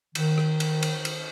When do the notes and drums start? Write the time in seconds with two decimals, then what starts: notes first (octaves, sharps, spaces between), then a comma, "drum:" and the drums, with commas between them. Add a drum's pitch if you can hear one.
0.15 D#3, drum: cymbal
0.38 drum: rim click
0.60 drum: cymbal
0.83 drum: cymbal
1.05 drum: cymbal